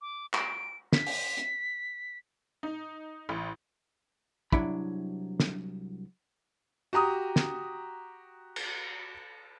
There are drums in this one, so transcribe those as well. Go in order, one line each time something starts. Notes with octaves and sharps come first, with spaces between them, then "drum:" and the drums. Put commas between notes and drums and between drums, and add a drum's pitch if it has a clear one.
D6
D7, drum: clap
B6, drum: snare
drum: open hi-hat
drum: hi-hat
D#4
A1
C2 F#3 D4 E4 B5, drum: kick
drum: snare
F#4 G4 A#5 D#6
drum: snare
drum: cymbal